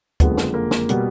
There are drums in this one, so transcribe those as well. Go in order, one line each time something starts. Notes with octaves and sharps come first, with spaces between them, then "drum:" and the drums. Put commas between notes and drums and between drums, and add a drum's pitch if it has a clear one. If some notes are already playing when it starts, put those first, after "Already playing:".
F#1 F2 D3 F3 G#3 B3 B4, drum: kick D2, hi-hat
drum: snare
A#3 A#4
drum: snare
B2 G3 B3, drum: hi-hat